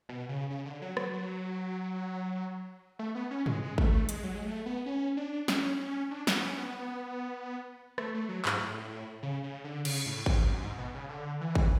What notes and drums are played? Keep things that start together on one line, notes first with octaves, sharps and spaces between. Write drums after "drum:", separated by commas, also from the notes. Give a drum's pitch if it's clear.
B2
C#3
C#3
D3
F#3
F#3, drum: rim click
F#3
A3
B3
C#4
G#3, drum: tom G#2
G#3
A3, drum: kick G#1
A3
G#3, drum: hi-hat
F#3
G#3
A3
B3
C#4
D4
C#4, drum: snare
C#4
D4
B3, drum: snare
C#4
B3
A3, drum: rim click
A3
F#3
G#2, drum: clap
A2
C#3
C#3
D3
C#3, drum: cymbal
A2
G#2, drum: kick G#1
F#2
G#2
B2
C#3
D3
E3
drum: kick G#1